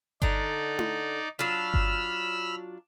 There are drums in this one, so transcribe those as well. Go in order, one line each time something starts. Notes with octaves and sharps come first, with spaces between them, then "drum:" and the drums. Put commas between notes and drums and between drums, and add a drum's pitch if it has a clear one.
D3 D#4 D5 A#5, drum: kick G1
drum: tom E4
F#3 D4 F4 B5 E6 F6
drum: kick G1